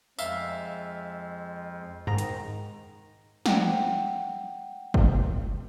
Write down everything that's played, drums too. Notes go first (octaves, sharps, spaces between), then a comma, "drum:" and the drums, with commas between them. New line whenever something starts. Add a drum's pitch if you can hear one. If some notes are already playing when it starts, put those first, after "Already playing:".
F2 F3 G#3 E5 F5, drum: tambourine
G#2 D#3 A#5
drum: hi-hat
F#5 G5, drum: snare
drum: kick F#1